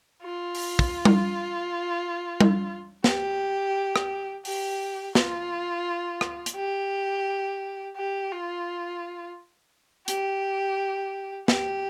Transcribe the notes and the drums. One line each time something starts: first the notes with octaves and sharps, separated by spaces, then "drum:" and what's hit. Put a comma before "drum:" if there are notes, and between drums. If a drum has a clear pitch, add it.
F4
drum: open hi-hat
drum: kick
drum: tom G3
drum: tom G3
G4, drum: snare
drum: rim click
G4, drum: open hi-hat
F4, drum: snare
drum: rim click
drum: hi-hat
G4
G4
F4
G4, drum: hi-hat
G4, drum: snare